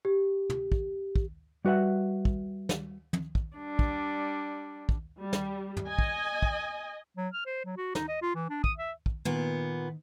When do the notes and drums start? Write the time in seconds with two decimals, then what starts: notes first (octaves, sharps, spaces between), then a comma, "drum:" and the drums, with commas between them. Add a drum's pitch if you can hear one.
0.05 G4
0.50 drum: tom
0.72 drum: kick
1.16 drum: kick
1.65 G3 F#4 B4 E5 F#5
2.25 drum: kick
2.69 drum: snare
3.13 drum: tom
3.35 drum: kick
3.57 G3 D4
3.79 drum: kick
4.89 drum: kick
5.19 G3
5.33 drum: snare
5.77 drum: tom
5.87 D#5 G#5
5.99 drum: kick
6.42 drum: kick
7.17 F#3
7.34 F6
7.46 C5
7.65 F#3
7.77 F#4
7.95 D#4, drum: snare
8.09 D#5
8.22 F4
8.35 E3
8.50 D4
8.64 D#6, drum: kick
8.78 E5
9.06 drum: kick
9.25 A#2 D#3 B3